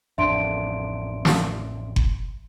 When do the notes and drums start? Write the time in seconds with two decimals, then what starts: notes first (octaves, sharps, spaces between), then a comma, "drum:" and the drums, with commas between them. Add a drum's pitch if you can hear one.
0.18 A1 F2 D4 E5 C6 D7
1.25 drum: snare
1.96 drum: kick F#1